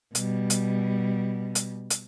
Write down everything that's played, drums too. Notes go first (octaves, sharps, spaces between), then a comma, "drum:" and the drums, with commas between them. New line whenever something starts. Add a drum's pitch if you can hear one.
B2 G3, drum: hi-hat
drum: hi-hat
drum: hi-hat
drum: hi-hat